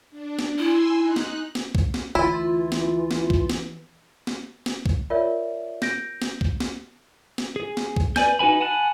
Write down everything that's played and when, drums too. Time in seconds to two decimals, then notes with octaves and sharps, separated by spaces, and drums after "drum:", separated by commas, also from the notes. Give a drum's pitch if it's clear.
0.10 D4
0.39 drum: snare
0.58 E4 G#5 C6 E6
0.96 D#4 F#6
1.16 drum: snare
1.55 drum: snare
1.75 drum: kick
1.94 drum: snare
2.15 D2 E3 E4 F4
2.72 drum: snare
3.11 drum: snare
3.30 drum: kick
3.50 drum: snare
4.27 drum: snare
4.66 drum: snare
4.86 drum: kick
5.10 F4 A#4 C#5 D5 E5
5.82 G6 A#6 D7, drum: snare
6.22 drum: snare
6.41 drum: kick
6.60 drum: snare
7.38 drum: snare
7.56 G#4
7.77 drum: snare
7.96 drum: kick
8.16 B4 D5 G#5 G6, drum: snare
8.39 D#4 F#4 B4 G#5 B5
8.60 F#5 G#5 A5 B5 F#6